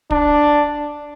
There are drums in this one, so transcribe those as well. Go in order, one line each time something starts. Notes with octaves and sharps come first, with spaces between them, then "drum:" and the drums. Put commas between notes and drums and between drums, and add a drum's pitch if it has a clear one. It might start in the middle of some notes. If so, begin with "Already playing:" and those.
D4, drum: kick